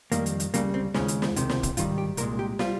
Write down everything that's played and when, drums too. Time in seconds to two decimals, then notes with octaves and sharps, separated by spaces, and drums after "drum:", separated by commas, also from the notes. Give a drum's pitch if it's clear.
0.12 F2 D#3 G3 A#3, drum: hi-hat
0.26 drum: hi-hat
0.40 drum: hi-hat
0.54 C#2 C#3 G3 A#3, drum: hi-hat
0.74 C4
0.94 D#2 C#3 G#3 C#4, drum: snare
1.08 drum: hi-hat
1.22 drum: snare
1.36 C#2 C3 D#3, drum: hi-hat
1.49 drum: snare
1.63 drum: kick, hi-hat
1.77 G#2 D#3 G3 F4, drum: hi-hat
1.98 G4
2.17 C2 A#2 G#3 A#4, drum: hi-hat
2.39 G4
2.59 G3 F4, drum: snare